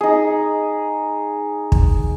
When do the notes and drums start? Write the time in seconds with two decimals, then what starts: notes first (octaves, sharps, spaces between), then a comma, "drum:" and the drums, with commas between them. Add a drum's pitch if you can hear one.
0.01 D#4 G#4
1.72 drum: kick